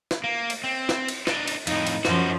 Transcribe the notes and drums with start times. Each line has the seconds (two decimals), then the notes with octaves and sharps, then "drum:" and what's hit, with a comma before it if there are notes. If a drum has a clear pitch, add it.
0.11 drum: snare
0.24 A#3
0.50 drum: cymbal
0.64 C4
0.89 drum: snare
1.08 drum: cymbal
1.27 D4 D#4, drum: snare
1.48 drum: cymbal
1.67 F2 A2 D#4, drum: cymbal
1.87 drum: cymbal
2.05 F#2 F3 D#4 F#4, drum: snare